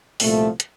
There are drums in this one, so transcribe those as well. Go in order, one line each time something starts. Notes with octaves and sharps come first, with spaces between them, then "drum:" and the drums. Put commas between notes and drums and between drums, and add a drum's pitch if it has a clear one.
C2 A#2 F3 A3, drum: open hi-hat
drum: hi-hat